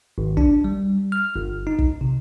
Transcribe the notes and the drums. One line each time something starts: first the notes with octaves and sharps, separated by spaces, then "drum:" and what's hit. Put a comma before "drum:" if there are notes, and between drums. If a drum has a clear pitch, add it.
G#1
D4, drum: kick
G3
F6
G1
D#4
drum: kick
C3